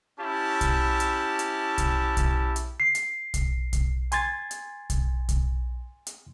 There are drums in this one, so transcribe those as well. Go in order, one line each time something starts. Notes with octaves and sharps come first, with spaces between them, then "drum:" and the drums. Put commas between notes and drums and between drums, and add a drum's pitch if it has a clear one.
C#4 E4 G4 A5
drum: kick, hi-hat
drum: hi-hat
drum: hi-hat
drum: kick, hi-hat
drum: kick, hi-hat
drum: hi-hat
C7
drum: hi-hat
drum: kick, hi-hat
drum: kick, hi-hat
G#5 C6 G#6 A6, drum: hi-hat
drum: hi-hat
drum: kick, hi-hat
drum: kick, hi-hat
drum: hi-hat